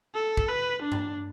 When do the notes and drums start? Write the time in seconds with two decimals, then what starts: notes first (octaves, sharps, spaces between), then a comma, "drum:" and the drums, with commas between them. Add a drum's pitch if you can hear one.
0.15 A4
0.37 drum: kick
0.48 B4
0.83 D4
0.92 drum: tom G2